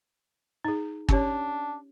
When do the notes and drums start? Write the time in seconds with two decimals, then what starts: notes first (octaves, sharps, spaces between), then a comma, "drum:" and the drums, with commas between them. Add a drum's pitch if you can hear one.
0.65 D#4 G#4
1.09 C#4 D4 G4 C#5, drum: kick